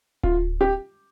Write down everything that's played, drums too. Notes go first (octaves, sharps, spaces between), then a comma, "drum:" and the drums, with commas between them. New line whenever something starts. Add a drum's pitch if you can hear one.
F4, drum: kick D1
G4